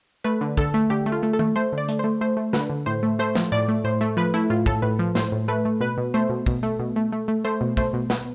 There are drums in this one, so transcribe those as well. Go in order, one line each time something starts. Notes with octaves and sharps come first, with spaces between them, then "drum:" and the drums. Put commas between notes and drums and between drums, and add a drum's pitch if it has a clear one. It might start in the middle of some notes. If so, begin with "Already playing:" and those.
A3 B4
D3
D3 A4, drum: kick
A3
D3 G4
A3
F4
A3
A4
A3, drum: tom D#3
A3 C5
D3
D5
A3, drum: hi-hat
A3 C5
A3 C5
A3
D3 B4, drum: snare
D3
A2 C5
A3
A3 C5
F3, drum: snare
A2 D5
A3
A2 C5
A3
F3 B4
A3 E4
A2 F4
A2 A4, drum: kick
A2 B4
F3
A2 C5, drum: snare
A2
A3 B4
A3
B2 B4
B2
A3 C5
B2
B2, drum: kick
A3
B2
A3
A3
A3
A3 C5
B2
A3 C5, drum: kick
B2
B3 B4, drum: snare